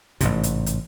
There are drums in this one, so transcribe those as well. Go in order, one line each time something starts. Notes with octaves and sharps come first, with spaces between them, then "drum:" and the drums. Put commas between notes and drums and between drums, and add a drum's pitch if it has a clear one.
A1 G#2 C3, drum: kick A1, hi-hat
drum: hi-hat
drum: hi-hat